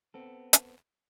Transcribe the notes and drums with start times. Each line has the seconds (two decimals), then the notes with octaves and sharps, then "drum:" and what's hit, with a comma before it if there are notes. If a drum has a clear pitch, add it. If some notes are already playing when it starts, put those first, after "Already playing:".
0.14 B3 C4 A4
0.53 drum: hi-hat